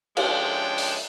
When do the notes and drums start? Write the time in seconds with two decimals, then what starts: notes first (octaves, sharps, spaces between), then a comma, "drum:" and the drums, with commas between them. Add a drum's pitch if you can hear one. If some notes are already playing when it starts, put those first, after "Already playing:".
0.17 F3 G#3 C#4 D4 G5, drum: cymbal
0.78 drum: open hi-hat